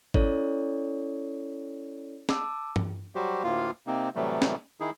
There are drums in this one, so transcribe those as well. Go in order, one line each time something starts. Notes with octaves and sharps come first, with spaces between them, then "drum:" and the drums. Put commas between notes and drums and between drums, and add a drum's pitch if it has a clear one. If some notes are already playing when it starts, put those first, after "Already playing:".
C#4 E4 A4 C#5 D5, drum: kick G#1
A5 D6 E6, drum: snare
drum: tom G2
F#3 G3 F#4 G4 C5
D2 A2 A#3 F4 F5
C3 A#3 C4 D#4
A2 C3 E3 F#3 G3 A3
drum: snare
D#3 D#4 E4 G#4